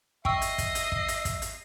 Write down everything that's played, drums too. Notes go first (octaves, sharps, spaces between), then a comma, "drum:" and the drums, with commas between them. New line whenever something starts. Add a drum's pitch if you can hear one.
D#5 E5 G5 C#6 E6 C7, drum: kick
drum: hi-hat
drum: kick, hi-hat
drum: hi-hat
drum: kick
drum: hi-hat
drum: kick, hi-hat
drum: hi-hat